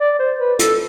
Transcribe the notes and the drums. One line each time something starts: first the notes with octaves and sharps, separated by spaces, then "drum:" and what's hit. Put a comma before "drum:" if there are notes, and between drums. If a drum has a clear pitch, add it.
D5
C5
B4
A4, drum: hi-hat